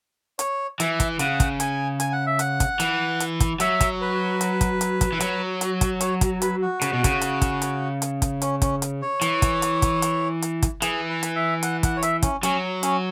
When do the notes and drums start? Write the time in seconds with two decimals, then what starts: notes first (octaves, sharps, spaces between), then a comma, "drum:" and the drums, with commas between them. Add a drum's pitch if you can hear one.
0.39 C#5, drum: hi-hat
0.80 E3 E5, drum: hi-hat
1.00 drum: kick, hi-hat
1.19 C#3 F#5, drum: hi-hat
1.40 drum: kick, hi-hat
1.60 G#5, drum: hi-hat
2.00 G#5, drum: hi-hat
2.12 F#5
2.26 E5
2.39 F#5, drum: hi-hat
2.60 drum: kick, hi-hat
2.80 E3, drum: hi-hat
3.20 drum: hi-hat
3.40 drum: kick, hi-hat
3.60 F#3 E5, drum: hi-hat
3.80 drum: kick, hi-hat
4.01 B4
4.41 drum: hi-hat
4.61 drum: kick, hi-hat
4.81 drum: hi-hat
5.01 drum: kick, hi-hat
5.13 E3
5.20 F#3, drum: hi-hat
5.61 drum: hi-hat
5.81 drum: kick, hi-hat
6.01 C#5, drum: hi-hat
6.21 drum: kick, hi-hat
6.42 B4, drum: hi-hat
6.62 F#4
6.82 C#3, drum: hi-hat
6.93 B2
7.04 C#3, drum: kick, hi-hat
7.21 drum: hi-hat
7.42 drum: kick, hi-hat
7.62 drum: hi-hat
8.02 drum: hi-hat
8.22 drum: kick, hi-hat
8.42 C#4, drum: hi-hat
8.62 C#4, drum: kick, hi-hat
8.82 drum: hi-hat
9.02 C#5
9.21 E3, drum: hi-hat
9.42 drum: kick, hi-hat
9.62 drum: hi-hat
9.82 drum: kick, hi-hat
10.02 drum: hi-hat
10.42 drum: hi-hat
10.62 drum: kick, hi-hat
10.82 E3 G#4, drum: hi-hat
11.09 B4
11.23 drum: hi-hat
11.36 E5
11.63 F#5, drum: hi-hat
11.83 F#5, drum: kick, hi-hat
11.97 C#5
12.03 E5, drum: hi-hat
12.22 C#4, drum: kick, hi-hat
12.43 F#3 C#4, drum: hi-hat
12.83 C#4, drum: hi-hat